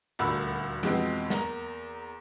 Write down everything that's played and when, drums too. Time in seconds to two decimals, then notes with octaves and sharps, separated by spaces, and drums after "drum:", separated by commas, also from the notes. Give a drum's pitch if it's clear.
0.19 D#1 D2 D3 A#4 B5 E6
0.83 F2 B2 E3 G#3 B3 C4, drum: tom F3
1.30 E2 A#3 A#5, drum: snare